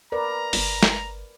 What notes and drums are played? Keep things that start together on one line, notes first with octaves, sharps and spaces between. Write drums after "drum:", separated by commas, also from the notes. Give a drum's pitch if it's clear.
A#4 B4 D5 A#5
G1, drum: open hi-hat
drum: snare